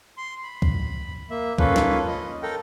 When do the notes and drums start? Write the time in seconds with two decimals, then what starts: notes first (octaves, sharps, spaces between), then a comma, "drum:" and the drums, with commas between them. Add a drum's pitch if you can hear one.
0.17 C6
0.43 B5
0.62 drum: kick C2
1.30 A#3 E5
1.58 A#3 C#4 F4 A4 B4, drum: kick C2
1.76 drum: snare
2.07 D#5
2.42 A4 A#4 G5